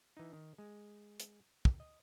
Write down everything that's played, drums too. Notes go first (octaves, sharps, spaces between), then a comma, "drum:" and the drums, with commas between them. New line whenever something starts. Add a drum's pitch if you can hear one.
E3 D#4
D#3
G#3
drum: hi-hat
drum: kick
D#5